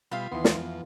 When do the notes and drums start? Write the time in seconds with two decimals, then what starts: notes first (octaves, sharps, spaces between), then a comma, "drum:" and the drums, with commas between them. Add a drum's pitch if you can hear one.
0.11 B2 G3 F4 E5 F5
0.32 D#2 E3 B3 C6
0.44 drum: snare
0.58 F2